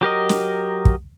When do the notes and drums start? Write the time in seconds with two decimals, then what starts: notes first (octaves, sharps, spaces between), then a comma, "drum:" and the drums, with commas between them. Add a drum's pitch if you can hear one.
0.01 F#3 G4 A#4 D#5
0.29 drum: snare
0.85 drum: kick